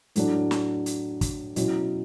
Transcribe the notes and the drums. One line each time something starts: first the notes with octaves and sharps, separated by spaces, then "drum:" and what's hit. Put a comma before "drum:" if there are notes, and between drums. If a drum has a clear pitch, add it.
A2 F#3 A3 D4, drum: hi-hat
drum: snare
drum: hi-hat
drum: kick, hi-hat
B2 F#3 C#4 E4, drum: hi-hat